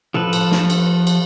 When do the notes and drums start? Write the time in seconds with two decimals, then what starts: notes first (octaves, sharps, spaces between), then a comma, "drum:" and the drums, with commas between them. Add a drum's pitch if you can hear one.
0.14 F3 A4 B4, drum: tom A2
0.33 drum: cymbal
0.51 drum: snare
0.70 drum: cymbal
1.07 drum: cymbal